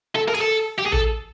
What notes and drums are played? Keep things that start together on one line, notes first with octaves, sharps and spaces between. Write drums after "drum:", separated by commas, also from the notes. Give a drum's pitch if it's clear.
A4
A#4
G#4, drum: cymbal
A4
G4
G#4
A4, drum: kick A1